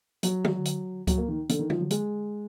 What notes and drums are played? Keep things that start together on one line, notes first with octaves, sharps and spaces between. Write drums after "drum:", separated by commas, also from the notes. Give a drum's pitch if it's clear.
F#3, drum: hi-hat
drum: tom
drum: hi-hat
F#3, drum: kick C#2, hi-hat
A#3
D#3
D3, drum: hi-hat
D#3
F3, drum: tom
F#3
G#3, drum: hi-hat